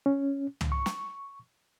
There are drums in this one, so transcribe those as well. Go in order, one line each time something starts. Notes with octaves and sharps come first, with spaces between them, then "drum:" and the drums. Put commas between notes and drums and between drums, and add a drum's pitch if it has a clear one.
C#4
drum: tom
C#6
drum: snare